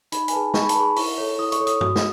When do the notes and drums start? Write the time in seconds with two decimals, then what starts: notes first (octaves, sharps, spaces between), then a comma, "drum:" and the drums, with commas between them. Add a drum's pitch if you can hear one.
0.12 D#4 B5, drum: hi-hat
0.28 G#5, drum: hi-hat
0.33 G#4 B4 A5
0.54 D#4 C#6, drum: snare
0.61 B5
0.69 A5, drum: hi-hat
0.75 G#4 B4 B5
0.96 E4 C#6, drum: open hi-hat
1.18 A4 C#5
1.38 E4 D#6
1.52 C#6, drum: hi-hat
1.60 A4 C#5
1.67 D#6, drum: hi-hat
1.81 F#4 D#6, drum: tom
1.96 drum: snare